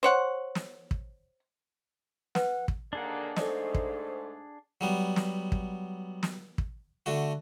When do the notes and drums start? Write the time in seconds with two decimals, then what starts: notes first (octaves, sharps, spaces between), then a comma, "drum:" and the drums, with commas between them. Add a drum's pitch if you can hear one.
0.03 C5 C#5 F#5
0.55 drum: snare
0.91 drum: kick
2.35 B4 F#5, drum: snare
2.68 drum: kick
2.93 D#2 D3 A#3 D4 G#4 F#5
3.36 G#2 A3 A4 C5 D5 D#5, drum: snare
3.74 drum: kick
4.81 F#3 G3 B3
5.16 drum: snare
5.52 drum: kick
6.23 drum: snare
6.58 drum: kick
7.06 D3 A3 F#4